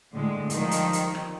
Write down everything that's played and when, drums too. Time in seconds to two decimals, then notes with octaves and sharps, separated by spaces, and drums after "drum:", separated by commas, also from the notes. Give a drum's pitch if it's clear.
0.13 A2 D3 G#3
0.50 D#3 F3 G3, drum: hi-hat
0.71 drum: hi-hat
0.93 drum: hi-hat
1.15 drum: rim click